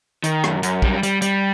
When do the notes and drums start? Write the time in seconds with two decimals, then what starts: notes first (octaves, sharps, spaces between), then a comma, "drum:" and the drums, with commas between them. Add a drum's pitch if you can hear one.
0.24 D#3, drum: hi-hat
0.44 F#2, drum: rim click
0.63 F#2, drum: hi-hat
0.82 G3, drum: kick
1.03 G3, drum: hi-hat
1.22 G3, drum: hi-hat